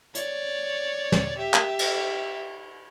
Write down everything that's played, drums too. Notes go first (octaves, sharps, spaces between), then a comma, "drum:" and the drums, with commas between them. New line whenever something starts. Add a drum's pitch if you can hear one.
C#5 D5, drum: hi-hat
drum: snare
G4 E5
drum: clap
drum: cymbal